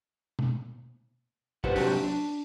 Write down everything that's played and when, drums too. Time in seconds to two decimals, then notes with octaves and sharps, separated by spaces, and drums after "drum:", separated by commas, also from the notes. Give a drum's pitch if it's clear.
0.39 drum: tom B2
1.64 G4 B4 C5 F#5, drum: kick
1.76 C3 F#3 D4 F#4 G4, drum: open hi-hat
2.04 D4